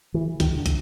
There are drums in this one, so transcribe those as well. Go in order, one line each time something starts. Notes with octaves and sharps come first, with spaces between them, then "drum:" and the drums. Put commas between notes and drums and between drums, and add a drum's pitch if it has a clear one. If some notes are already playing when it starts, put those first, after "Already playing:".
E3
D#3, drum: kick, hi-hat
D3
drum: kick, hi-hat